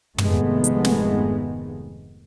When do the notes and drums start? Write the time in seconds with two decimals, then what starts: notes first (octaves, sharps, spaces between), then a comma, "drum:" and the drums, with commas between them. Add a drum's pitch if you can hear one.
0.18 F1 G#2 D#3 G#3 A3 B3, drum: tom
0.64 drum: hi-hat
0.85 drum: snare